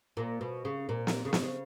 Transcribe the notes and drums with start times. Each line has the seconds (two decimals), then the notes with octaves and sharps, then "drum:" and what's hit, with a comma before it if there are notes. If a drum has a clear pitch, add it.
0.17 A#2
0.41 B2
0.65 C#3
0.89 A#2
1.07 drum: snare
1.25 C#3
1.33 B2, drum: snare
1.42 C#3